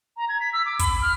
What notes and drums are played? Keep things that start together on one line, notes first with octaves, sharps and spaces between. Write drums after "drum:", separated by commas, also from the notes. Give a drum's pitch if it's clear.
A#5
G#6
B6
E6
D6
B5, drum: kick, hi-hat
F6